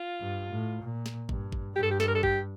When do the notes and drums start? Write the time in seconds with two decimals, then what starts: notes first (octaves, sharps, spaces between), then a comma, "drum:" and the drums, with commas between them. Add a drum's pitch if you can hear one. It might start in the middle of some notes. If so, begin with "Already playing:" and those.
Already playing: F4
0.20 G2
0.51 A2
0.83 A#2
1.06 drum: snare
1.29 G2, drum: kick G#1
1.52 drum: kick G#1
1.75 G2 G4
1.83 A4
1.91 G4
2.00 A4, drum: snare
2.08 A#4
2.15 A4
2.23 G4, drum: kick G#1